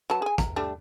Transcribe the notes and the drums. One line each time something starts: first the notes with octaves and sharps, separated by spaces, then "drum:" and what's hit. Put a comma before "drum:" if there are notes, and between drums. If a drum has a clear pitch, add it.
F#3 B4 A5
G#4 G#5
A#5, drum: kick, hi-hat
G3 A3 D4